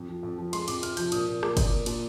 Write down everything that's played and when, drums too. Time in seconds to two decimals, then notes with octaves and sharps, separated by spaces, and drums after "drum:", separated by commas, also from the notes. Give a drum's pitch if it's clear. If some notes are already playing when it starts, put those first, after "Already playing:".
Already playing: F2
0.09 F3
0.23 F2
0.38 F3
0.53 G#3 C6, drum: cymbal
0.68 F2 D6, drum: cymbal
0.83 C3 F6, drum: cymbal
0.97 F3 G6, drum: cymbal
1.12 A#2 D#6, drum: cymbal
1.27 A#2
1.43 A#3 D6, drum: rim click
1.57 A#2, drum: kick, cymbal
1.72 A#3
1.86 A#2, drum: cymbal